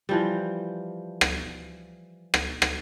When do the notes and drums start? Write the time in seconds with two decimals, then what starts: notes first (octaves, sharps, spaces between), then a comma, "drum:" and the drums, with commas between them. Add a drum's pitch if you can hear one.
0.09 E3 F3 G3
1.21 drum: rim click
2.34 drum: rim click
2.62 drum: rim click